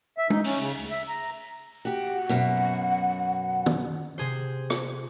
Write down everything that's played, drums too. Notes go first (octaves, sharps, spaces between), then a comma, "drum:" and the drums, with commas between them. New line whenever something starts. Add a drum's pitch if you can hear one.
E5
D#4, drum: tom
C#4, drum: open hi-hat
C#3
D2
E5
A#5
F#4 G4
F#5
F#2 B2
drum: tom
C3 G#4 C5
drum: rim click